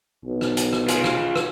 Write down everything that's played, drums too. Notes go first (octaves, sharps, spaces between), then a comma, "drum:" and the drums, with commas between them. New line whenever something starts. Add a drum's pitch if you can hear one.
B1
drum: rim click
drum: hi-hat
drum: rim click
F4 G#4, drum: hi-hat
drum: rim click
drum: rim click